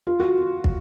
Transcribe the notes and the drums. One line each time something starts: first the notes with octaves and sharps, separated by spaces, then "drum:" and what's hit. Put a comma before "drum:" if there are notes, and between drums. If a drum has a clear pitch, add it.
F4
F#4
drum: kick